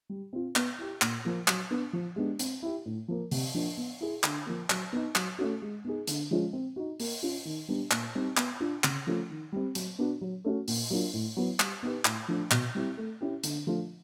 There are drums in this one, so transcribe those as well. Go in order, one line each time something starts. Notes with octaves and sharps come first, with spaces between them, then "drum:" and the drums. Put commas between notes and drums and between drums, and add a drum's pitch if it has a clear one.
G3
C4 F4
B3, drum: clap
E4 G4
A#2, drum: clap
F3 A#3
F#3, drum: clap
B3 D4
F3
G#3 B3 D4 G4
C4, drum: hi-hat
E4 G4
A2
F3 A#3
C3, drum: open hi-hat
F3 A#3 D4
B3
E4 G#4
D3, drum: clap
F3 A#3
F#3, drum: clap
B3 D#4
F#3, drum: clap
A3 C#4 F#4
G#3
B3 D#4 G#4
D3, drum: hi-hat
F3 G#3 C#4 F4
C4
D#4 F#4
A#3, drum: open hi-hat
C#4 F4
D#3
G3 B3 D4
A#2, drum: clap
G3 C4 D#4
B3, drum: clap
D4 F4
C#3, drum: clap
F3 A3 C#4 F4
D#3
G3 C4
F#3, drum: hi-hat
B3 D4 F#4
F#3
A3 C#4 F#4
A#2, drum: open hi-hat
F#3 A#3 D4 F4
A2
F#3 B3 E4
G3, drum: clap
B3 D#4 G4 B4
A2, drum: clap
F3 A3 D4
B2, drum: clap
G3 C4 E4
A3
C#4 E4 G4
D3, drum: hi-hat
F3 A3 D4 F4